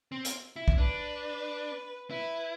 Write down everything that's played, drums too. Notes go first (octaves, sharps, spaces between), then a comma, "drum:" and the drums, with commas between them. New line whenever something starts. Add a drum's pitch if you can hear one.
C4
drum: hi-hat
E4
drum: kick
D4 B4
E4 B4